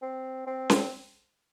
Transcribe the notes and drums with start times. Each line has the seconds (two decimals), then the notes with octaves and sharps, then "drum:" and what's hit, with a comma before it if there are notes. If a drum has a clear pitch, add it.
0.02 C4
0.47 C4
0.70 drum: snare C#4